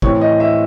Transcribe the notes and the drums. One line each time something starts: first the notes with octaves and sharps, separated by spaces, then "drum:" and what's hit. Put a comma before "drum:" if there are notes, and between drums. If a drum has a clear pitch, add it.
A2 E3 C4 C#5, drum: kick
D#5
E5